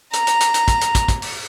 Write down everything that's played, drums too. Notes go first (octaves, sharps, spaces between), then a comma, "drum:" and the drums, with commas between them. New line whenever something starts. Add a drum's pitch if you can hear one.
A#5, drum: hi-hat
drum: hi-hat
drum: hi-hat
drum: hi-hat
drum: kick, hi-hat
drum: hi-hat
drum: kick, hi-hat
drum: kick, hi-hat
drum: open hi-hat